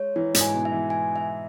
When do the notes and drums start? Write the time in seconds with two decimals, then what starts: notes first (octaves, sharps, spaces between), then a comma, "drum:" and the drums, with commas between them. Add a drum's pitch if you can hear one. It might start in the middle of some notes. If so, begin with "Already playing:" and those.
Already playing: G#3 C#5
0.16 E3 E4
0.34 G#2, drum: hi-hat
0.41 G#5
0.54 B2
0.65 E5
0.72 E3
0.90 G#5
1.16 E5